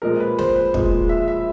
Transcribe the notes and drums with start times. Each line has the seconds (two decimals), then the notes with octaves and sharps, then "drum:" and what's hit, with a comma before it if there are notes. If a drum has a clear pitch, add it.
0.02 A#2 F3 G#3 A#4
0.20 B4
0.39 C5, drum: snare
0.55 B4
0.74 A#2 F3 G#3, drum: kick
1.09 E5
1.28 E5